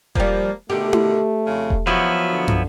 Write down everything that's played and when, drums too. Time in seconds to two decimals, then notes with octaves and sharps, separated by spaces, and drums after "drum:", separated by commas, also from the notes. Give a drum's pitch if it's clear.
0.15 F3 G3 A#3, drum: kick E1
0.70 B2 D3 D#3 A3 G4
0.93 drum: tom E4
1.47 F2 C#3
1.70 drum: kick E1
1.87 F3 F#3 B3 E4 F#4
2.31 D3
2.48 drum: tom